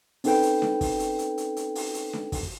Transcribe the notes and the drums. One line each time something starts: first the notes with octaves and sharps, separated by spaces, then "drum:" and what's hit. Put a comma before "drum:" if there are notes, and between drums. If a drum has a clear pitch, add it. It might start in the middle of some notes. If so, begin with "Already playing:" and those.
C4 C#4 D#4 A4 B4 G5, drum: open hi-hat
drum: hi-hat
drum: snare D4
drum: kick, open hi-hat
drum: hi-hat
drum: hi-hat
drum: hi-hat
drum: hi-hat
drum: open hi-hat
drum: hi-hat
drum: snare D4
drum: kick, open hi-hat